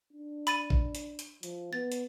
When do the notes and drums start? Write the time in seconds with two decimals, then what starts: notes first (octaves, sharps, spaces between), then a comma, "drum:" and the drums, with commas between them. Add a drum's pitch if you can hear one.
0.13 D4
0.47 B5 A6 D#7, drum: hi-hat
0.70 drum: kick A1
0.95 drum: hi-hat
1.19 drum: hi-hat
1.43 F3, drum: hi-hat
1.73 B3 A6
1.92 drum: hi-hat